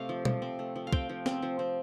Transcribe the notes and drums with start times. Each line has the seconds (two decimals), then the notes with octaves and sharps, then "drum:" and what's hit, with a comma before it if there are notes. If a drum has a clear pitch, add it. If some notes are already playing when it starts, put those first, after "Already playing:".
Already playing: C3 A3 C4 F5
0.09 F3
0.25 F3, drum: tom B2
0.42 C4
0.59 A3
0.76 F3
0.87 F5
0.93 C4 G5, drum: kick
1.09 F3
1.26 C4, drum: snare
1.42 F3
1.59 C4